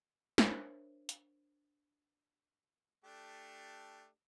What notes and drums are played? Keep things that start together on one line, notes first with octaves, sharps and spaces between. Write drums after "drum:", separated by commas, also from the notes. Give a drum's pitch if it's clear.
D4 A#4 C5 C#5 E5, drum: snare
drum: hi-hat
A3 D4 G4